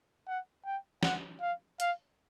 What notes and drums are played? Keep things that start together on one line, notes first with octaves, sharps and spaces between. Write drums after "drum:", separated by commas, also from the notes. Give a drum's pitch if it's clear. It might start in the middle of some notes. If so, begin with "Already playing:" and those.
F#5
G5
F#5, drum: snare
F5
F5, drum: hi-hat